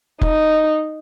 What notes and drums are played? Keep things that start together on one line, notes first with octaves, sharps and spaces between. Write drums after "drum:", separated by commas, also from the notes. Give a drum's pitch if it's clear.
D#4, drum: kick F1